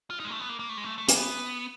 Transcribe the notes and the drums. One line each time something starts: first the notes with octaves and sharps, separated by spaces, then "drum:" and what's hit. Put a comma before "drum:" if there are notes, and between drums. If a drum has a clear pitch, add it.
F4
D#4
G#3
A3
B3
A#3
A#3
A3
G#3
A3
A3
A#3, drum: hi-hat
B3